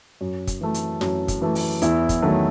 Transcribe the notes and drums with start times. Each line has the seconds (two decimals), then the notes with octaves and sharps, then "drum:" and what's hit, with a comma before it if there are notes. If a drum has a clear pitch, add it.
0.21 F#2
0.47 drum: kick, hi-hat
0.61 E3 A3
0.74 drum: hi-hat
1.01 F#2, drum: snare
1.28 drum: kick, hi-hat
1.42 E3 A3
1.55 drum: open hi-hat
1.82 E2 E4, drum: hi-hat
2.09 drum: kick, hi-hat
2.22 D#3 F#3 A3